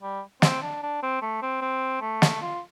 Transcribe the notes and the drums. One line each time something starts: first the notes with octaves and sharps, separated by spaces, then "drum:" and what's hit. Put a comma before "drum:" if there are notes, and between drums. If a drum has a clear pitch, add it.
G3
C4, drum: snare
D4
D4
C4
A3
C4
C4
A3
drum: snare
F4